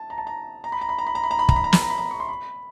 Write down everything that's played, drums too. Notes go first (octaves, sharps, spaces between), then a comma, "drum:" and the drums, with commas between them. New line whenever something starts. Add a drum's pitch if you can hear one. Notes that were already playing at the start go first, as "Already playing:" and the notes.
Already playing: A5
A#5
A5
A#5
A#5
B5
A#5
B5
A#5
B5
A#5
B5
A#5
B5
A#5, drum: kick
B5
A#5
B5, drum: snare
A#5
B5
A#5
C#6
C6
B5